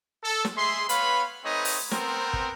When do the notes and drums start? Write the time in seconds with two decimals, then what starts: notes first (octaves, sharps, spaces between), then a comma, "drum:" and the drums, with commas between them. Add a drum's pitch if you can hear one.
0.23 A4
0.45 drum: snare
0.57 G#3 G#4 E5 C6
0.89 B3 B4 C#5 F5 B5, drum: hi-hat
1.44 A3 C4 D#4 B4 C#5 D#5
1.65 drum: open hi-hat
1.91 B3 C4 A#4, drum: snare
2.33 drum: kick